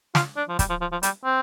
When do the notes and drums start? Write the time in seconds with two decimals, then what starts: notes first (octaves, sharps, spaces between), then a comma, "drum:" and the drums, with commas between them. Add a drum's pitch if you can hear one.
0.15 F4, drum: snare
0.37 D4
0.49 F3
0.59 G3, drum: kick, hi-hat
0.70 F3
0.81 F3
0.92 F3
1.03 G3, drum: hi-hat
1.25 C4